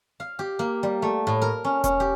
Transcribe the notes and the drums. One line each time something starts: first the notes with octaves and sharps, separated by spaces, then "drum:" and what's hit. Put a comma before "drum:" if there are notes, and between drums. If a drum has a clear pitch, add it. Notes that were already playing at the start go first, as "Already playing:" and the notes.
F5
G4
A#3
G3
A3
A2
A#4
C#4
C#4, drum: kick E1, hi-hat
G4